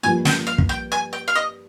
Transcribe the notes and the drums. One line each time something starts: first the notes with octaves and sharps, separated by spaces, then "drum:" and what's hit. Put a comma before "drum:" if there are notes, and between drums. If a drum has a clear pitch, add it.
G2 F3 A#3 G#5
G5, drum: snare
F5
drum: kick
G5
G#5
G5
F5
D#5